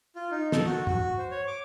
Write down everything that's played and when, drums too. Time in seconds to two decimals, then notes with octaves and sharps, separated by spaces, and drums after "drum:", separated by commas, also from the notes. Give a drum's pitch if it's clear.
0.16 F4
0.31 D#4
0.52 A4, drum: snare
0.66 F#4
0.87 F#4, drum: tom
1.18 C5
1.31 C#5
1.47 D6